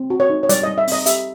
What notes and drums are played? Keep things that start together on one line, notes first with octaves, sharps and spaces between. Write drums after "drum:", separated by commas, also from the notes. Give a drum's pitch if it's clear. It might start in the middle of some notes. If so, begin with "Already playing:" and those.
Already playing: C4
F#4
C#5
D#4
C#5
G3 D5, drum: hi-hat
G3 D#5
E5
C4 D#5, drum: open hi-hat
G4 E5, drum: hi-hat